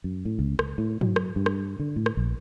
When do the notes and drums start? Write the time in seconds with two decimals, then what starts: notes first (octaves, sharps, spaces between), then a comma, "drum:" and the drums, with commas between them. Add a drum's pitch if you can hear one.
0.04 F#2
0.25 A2
0.39 C#2
0.59 C#2, drum: rim click
0.78 A2
1.01 F#3, drum: tom G2
1.16 drum: rim click
1.36 G2
1.46 drum: rim click
1.80 D3
1.96 A2
2.06 drum: rim click
2.17 A#1